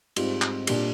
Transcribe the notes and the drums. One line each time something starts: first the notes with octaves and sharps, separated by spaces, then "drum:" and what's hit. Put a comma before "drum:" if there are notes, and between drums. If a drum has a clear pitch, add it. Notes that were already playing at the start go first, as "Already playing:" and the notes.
G#2 G3 C4 F4, drum: cymbal
drum: clap
A#2 G3 D4 G4, drum: cymbal